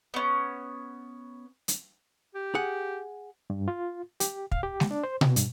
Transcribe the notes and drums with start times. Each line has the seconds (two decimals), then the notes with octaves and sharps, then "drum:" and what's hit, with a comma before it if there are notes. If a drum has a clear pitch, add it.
0.14 B3 C#4
1.68 drum: hi-hat
2.34 G4
2.55 G#4 F#5
3.50 G2
3.68 F4
4.20 G4, drum: hi-hat
4.52 F5, drum: kick
4.63 G4
4.80 drum: snare G#3
4.91 D4
5.03 C5
5.21 B2, drum: tom B2
5.36 G2, drum: hi-hat